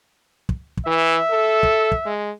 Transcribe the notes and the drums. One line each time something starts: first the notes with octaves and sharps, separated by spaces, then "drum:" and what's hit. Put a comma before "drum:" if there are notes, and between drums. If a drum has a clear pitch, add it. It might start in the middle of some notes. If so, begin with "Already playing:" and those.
drum: kick
drum: kick
E3 E5
A4
drum: kick
drum: kick
G#3